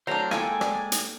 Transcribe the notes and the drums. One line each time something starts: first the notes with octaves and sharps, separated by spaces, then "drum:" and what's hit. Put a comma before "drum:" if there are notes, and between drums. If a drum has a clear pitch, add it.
F#3 A3 C4 D4 A#4 C5 A#5
G#3 A#3 F4 A4 G5 G#5, drum: rim click
D5, drum: rim click
drum: hi-hat